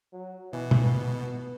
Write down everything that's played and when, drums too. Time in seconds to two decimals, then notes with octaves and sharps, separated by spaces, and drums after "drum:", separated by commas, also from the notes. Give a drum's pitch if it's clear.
0.13 F#3
0.53 B2 E3
0.71 drum: tom
0.84 B4